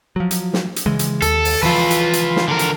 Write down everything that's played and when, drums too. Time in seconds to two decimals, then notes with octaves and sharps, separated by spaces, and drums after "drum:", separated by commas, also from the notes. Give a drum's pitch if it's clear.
0.16 F3 F#3
0.31 drum: hi-hat
0.53 drum: snare
0.76 drum: hi-hat
0.86 C#3 E3 G#3
0.99 drum: hi-hat
1.22 D#2 A4, drum: hi-hat
1.45 drum: open hi-hat
1.63 E3 F3 F4 B4
1.91 drum: hi-hat
2.13 drum: hi-hat
2.36 drum: snare
2.48 D3 A#4
2.59 drum: hi-hat